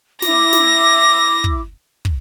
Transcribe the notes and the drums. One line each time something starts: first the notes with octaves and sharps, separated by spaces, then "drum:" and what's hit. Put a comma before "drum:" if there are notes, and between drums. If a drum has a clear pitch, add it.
E4 D6 A#6, drum: snare
drum: snare
drum: kick
drum: kick